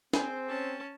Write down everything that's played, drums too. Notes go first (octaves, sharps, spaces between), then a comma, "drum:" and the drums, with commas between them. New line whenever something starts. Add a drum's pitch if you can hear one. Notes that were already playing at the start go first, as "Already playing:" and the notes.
C4 G#4 C5 G5, drum: snare
C#4 A5